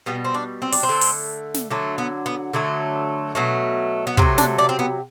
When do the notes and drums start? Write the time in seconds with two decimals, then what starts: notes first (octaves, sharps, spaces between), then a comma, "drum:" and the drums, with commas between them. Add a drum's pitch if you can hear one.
0.06 B2 G3 B3
0.25 C4
0.34 D4
0.62 C4
0.72 D4, drum: open hi-hat
0.83 C4
0.89 D3 A3
1.01 drum: open hi-hat
1.54 drum: snare
1.71 D3 F#3 A3
1.98 B3
2.26 B3
2.53 D3 F#3 A3
3.35 B2 F#3 A3
4.07 B3
4.17 C3 F#3 A3 C4, drum: kick
4.38 D4, drum: snare
4.58 D4
4.69 C4
4.79 B3